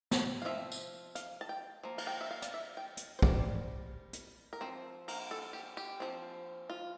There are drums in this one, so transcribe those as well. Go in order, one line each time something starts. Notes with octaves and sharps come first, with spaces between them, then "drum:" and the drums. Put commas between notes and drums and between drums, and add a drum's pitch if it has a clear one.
A5, drum: snare
F5
F3 C4 E5
drum: tambourine
F5, drum: hi-hat
A5
G5
F3 A#3
F5, drum: cymbal
G5
E5
F5
D5, drum: hi-hat
E5
G5
drum: hi-hat
C5
G3 C4 D5, drum: kick
drum: hi-hat
A#4
F3 C4 C5
A#4, drum: cymbal
A4
G4
G4
F3 C4
F4